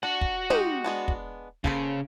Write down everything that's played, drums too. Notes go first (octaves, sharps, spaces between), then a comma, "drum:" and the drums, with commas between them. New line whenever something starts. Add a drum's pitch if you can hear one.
D4 F#4 F#5
drum: kick
G#3 D#4 G4, drum: tom
G#3 B3 D4
drum: kick
C#3 A#3 A4 C5, drum: kick